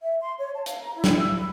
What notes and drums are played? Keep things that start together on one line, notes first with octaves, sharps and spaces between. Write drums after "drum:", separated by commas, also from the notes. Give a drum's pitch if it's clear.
E5
C6
C#5
A5
F5, drum: hi-hat
A#5
E4
drum: snare
E6
B5